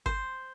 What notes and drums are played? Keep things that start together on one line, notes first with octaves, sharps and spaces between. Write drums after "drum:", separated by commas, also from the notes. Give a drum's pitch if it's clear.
C5, drum: kick G1